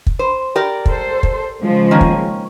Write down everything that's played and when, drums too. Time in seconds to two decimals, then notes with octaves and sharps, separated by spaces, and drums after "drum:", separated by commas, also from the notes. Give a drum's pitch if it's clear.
0.07 drum: kick
0.19 C5
0.56 G4 A#4 D5
0.86 A4 C5, drum: kick
1.23 drum: kick
1.62 C#3 F3 G#3
1.91 D#3 A#3 C#4
2.01 drum: kick